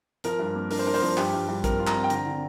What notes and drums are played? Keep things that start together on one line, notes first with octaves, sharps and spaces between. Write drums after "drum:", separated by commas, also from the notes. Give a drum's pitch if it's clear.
F3 A#4, drum: hi-hat
G2
A#3
D4 A#4, drum: open hi-hat
C5
D4 A#4
C5, drum: open hi-hat
F3 A#4
G2 G4, drum: clap
G2
G2
C4 A#4, drum: kick, hi-hat
F4
A#5, drum: clap
C4
G5
D3 A#5, drum: hi-hat
D3